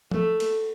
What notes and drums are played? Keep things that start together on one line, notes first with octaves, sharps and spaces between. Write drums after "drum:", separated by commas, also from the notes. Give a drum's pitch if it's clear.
A3, drum: tom F3
drum: cymbal